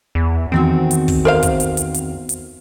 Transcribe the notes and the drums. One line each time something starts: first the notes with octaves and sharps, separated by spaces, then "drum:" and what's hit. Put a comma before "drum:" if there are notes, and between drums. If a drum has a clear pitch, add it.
E2
E2 D#3 C4 F#4
drum: hi-hat
drum: kick, open hi-hat
A#4 C5 F5
drum: kick, hi-hat
drum: hi-hat
drum: hi-hat
drum: hi-hat
drum: hi-hat